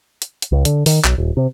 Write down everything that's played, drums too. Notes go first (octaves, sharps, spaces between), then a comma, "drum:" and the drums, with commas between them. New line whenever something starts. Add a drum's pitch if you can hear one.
drum: hi-hat
drum: hi-hat
C#2
D3, drum: hi-hat
D#3, drum: open hi-hat
B1, drum: clap
D#1
C3